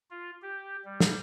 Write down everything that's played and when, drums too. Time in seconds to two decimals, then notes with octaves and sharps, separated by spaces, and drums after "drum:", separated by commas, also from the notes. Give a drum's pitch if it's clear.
0.10 F4
0.42 G4
0.85 G3
1.00 drum: snare